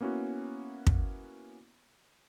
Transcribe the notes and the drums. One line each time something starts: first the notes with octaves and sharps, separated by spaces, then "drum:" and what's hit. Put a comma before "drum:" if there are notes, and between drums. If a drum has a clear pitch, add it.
A#3 B3 C#4 E4 F#4
drum: kick